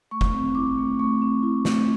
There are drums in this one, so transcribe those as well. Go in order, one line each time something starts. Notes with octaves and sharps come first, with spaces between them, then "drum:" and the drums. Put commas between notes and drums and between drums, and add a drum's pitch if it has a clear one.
A3 C#6
drum: kick F#1
C4
E4 D6
A3
A3 C#6
C4
E4
A3, drum: snare